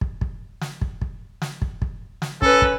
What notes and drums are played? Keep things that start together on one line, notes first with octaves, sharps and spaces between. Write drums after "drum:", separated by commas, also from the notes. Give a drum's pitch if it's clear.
drum: kick
drum: kick
drum: snare
drum: kick
drum: kick
drum: snare
drum: kick
drum: kick
drum: snare
C#4 A4 B4, drum: kick
drum: kick